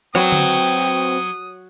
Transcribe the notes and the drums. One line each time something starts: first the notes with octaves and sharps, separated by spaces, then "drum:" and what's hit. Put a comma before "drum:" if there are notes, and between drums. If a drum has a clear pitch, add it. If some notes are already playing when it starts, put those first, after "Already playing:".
F#3 C4 F#4 B4 G5 D#6, drum: rim click
drum: tom D3